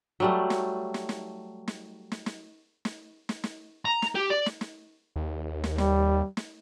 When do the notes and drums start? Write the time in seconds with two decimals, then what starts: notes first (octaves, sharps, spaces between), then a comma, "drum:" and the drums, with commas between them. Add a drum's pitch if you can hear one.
0.20 F#3 G3 A3
0.50 drum: snare
0.94 drum: snare
1.09 drum: snare
1.68 drum: snare
2.12 drum: snare
2.26 drum: snare
2.85 drum: snare
3.29 drum: snare
3.44 drum: snare
3.85 A#5
4.02 drum: snare
4.15 G4
4.30 D5
4.46 drum: snare
4.61 drum: snare
5.16 D#2
5.64 drum: snare
5.78 G3, drum: snare
6.37 drum: snare